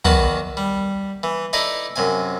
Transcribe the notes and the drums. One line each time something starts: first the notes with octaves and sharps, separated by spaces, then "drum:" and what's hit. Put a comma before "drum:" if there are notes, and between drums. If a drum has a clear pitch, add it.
E2 D#3 B3 F#4 A5 C6, drum: tom
G3
E3
D#4 E4 A4 D5 D#5
F#2 C3 G#5